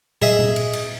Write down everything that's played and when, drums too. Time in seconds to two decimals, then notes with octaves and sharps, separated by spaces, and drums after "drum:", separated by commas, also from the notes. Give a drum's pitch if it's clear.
0.22 G#4 D#5 E5, drum: tom
0.39 drum: tom A#2
0.56 drum: cymbal
0.73 drum: cymbal